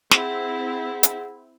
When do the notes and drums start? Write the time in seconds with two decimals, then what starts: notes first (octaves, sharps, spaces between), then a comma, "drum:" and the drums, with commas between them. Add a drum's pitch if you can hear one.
0.11 C4 E4 G#4 F#5, drum: snare
1.03 drum: hi-hat